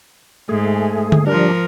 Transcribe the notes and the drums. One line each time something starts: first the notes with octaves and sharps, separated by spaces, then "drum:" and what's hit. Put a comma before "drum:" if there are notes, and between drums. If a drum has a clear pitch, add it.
G#2 A3 G#4
drum: tom D3
F3 G3 D4 A#4